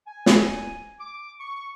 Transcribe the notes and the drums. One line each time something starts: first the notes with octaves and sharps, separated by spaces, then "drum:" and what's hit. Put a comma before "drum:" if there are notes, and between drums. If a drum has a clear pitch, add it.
G#5
drum: snare
D6
C#6